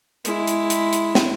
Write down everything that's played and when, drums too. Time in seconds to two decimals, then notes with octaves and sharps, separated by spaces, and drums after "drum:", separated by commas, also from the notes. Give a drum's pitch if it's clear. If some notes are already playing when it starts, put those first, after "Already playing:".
0.25 G#3 E4, drum: hi-hat
0.48 drum: hi-hat
0.70 drum: hi-hat
0.93 drum: hi-hat
1.15 drum: snare